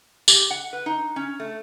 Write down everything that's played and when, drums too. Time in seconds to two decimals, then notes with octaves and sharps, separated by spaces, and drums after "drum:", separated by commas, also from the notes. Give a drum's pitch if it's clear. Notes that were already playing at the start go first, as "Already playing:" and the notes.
0.28 G4, drum: tambourine
0.50 F#5
0.73 B4
0.86 D#4
1.16 C#4
1.40 A3